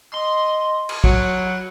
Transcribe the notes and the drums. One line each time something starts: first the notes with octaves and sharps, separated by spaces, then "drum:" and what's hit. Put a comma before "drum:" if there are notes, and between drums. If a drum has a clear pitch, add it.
D#5 C6
drum: cymbal
F#3 F#5, drum: kick